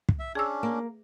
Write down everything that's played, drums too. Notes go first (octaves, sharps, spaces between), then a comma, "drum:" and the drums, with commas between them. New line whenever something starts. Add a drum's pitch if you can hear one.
drum: kick
E5
C#4 D4 G#4 E6
A#3